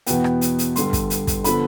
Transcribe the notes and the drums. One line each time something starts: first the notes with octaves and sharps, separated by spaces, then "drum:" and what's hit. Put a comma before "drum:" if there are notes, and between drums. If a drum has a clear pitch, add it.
E2 B2 B3 G5, drum: hi-hat
drum: rim click
drum: hi-hat
drum: hi-hat
G2 D3 G3 C6, drum: hi-hat
drum: kick, hi-hat
drum: hi-hat
drum: kick, hi-hat
D3 F3 B3 B5, drum: hi-hat